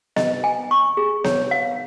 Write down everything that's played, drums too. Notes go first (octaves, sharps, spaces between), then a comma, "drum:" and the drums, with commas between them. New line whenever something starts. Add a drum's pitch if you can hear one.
D#5, drum: snare B3
G#5
C#6
G#4
C#5, drum: snare B3
F5